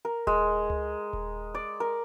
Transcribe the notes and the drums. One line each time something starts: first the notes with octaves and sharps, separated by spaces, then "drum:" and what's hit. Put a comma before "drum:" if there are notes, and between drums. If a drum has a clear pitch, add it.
A#4
G#3, drum: kick D#1
drum: tom C#2
drum: kick D#1
D5
A#4